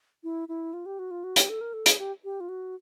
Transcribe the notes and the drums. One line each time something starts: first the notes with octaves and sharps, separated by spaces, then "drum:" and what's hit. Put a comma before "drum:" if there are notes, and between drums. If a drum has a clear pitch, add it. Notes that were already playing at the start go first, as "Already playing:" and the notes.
E4
E4
F4
G4
F#4
F4
F#4
G4, drum: hi-hat
A4
A#4
A4
G#4, drum: hi-hat
G4
G4
F4
F#4